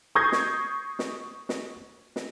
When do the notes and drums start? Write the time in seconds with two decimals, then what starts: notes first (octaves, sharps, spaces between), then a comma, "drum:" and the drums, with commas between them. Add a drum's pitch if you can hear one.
0.15 C#6 D#6 G6 G#6 A#6 C7
0.32 drum: snare
0.99 drum: snare
1.49 drum: snare
2.16 drum: snare